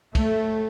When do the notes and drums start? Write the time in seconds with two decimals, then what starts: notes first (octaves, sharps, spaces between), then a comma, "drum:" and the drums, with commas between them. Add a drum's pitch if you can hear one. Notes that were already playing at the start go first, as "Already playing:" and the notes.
0.15 A3, drum: kick, cymbal